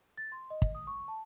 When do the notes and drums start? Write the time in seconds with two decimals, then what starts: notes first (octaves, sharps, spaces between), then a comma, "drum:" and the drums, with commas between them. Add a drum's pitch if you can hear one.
0.17 A6
0.32 C6
0.50 D#5
0.62 drum: kick
0.75 D#6
0.87 C#6
1.08 A5